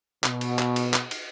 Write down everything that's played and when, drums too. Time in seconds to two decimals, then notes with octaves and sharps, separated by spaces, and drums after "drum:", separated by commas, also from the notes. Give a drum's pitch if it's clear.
0.24 B2, drum: clap
0.41 drum: cymbal
0.59 drum: clap
0.76 drum: cymbal
0.94 drum: clap
1.11 drum: cymbal